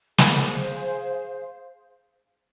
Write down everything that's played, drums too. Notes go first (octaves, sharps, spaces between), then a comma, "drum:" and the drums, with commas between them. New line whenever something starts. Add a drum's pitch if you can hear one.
G#4 C5 F5, drum: snare